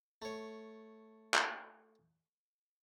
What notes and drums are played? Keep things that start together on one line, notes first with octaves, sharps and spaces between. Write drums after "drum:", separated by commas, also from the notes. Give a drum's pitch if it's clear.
A3 C#5
drum: clap